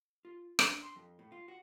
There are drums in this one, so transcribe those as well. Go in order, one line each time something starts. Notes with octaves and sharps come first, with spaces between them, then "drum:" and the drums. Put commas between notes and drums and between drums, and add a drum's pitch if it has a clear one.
F4
D4, drum: rim click
C6
F2
A2
F4
F#4